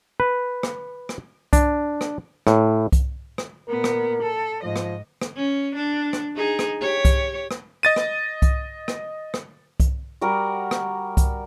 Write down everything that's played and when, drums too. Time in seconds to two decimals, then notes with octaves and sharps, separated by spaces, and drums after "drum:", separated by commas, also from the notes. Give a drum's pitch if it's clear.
0.20 B4
0.63 drum: rim click
1.09 drum: rim click
1.53 D4, drum: kick C2, hi-hat
2.01 drum: rim click
2.47 A2, drum: rim click
2.92 drum: kick C2, hi-hat
3.38 drum: rim click
3.69 A#2 B3 A#4
3.84 drum: rim click
4.22 A4
4.63 G#2 F3 D#5
4.76 drum: rim click
5.21 drum: rim click
5.36 C#4
5.75 D4
6.13 drum: rim click
6.36 D#4 G#4
6.59 drum: rim click
6.81 G4 C#5
7.05 drum: kick C2, hi-hat
7.51 drum: rim click
7.83 D#5 A6 D#7
7.96 drum: rim click
8.42 drum: kick C2, hi-hat
8.88 drum: rim click
9.34 drum: rim click
9.80 drum: kick C2, hi-hat
10.21 G3 F#4 A#4 F#5
10.71 drum: rim click
11.17 drum: kick C2, hi-hat